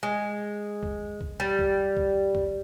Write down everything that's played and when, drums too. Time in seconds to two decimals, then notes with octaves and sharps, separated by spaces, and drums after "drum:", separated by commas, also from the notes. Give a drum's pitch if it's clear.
0.03 G#3
0.83 drum: kick
1.21 drum: kick
1.40 G3
1.59 drum: kick
1.97 drum: kick
2.35 drum: kick